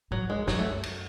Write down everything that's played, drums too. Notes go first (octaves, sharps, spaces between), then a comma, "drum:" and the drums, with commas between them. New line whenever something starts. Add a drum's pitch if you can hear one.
A2 F#3
F#2 G#3
F#2 F#3, drum: snare
A3
drum: cymbal